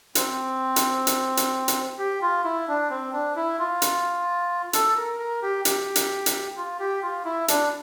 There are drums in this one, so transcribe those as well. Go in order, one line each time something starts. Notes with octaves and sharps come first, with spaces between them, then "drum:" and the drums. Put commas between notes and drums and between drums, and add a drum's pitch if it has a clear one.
C4, drum: hi-hat
drum: hi-hat
drum: hi-hat
drum: hi-hat
drum: hi-hat
G4
F4
E4
D4
C4
D4
E4
F4
drum: hi-hat
A4, drum: hi-hat
A#4
A#4
G4
G4, drum: hi-hat
drum: hi-hat
drum: hi-hat
F4
G4
F4
E4
D4, drum: hi-hat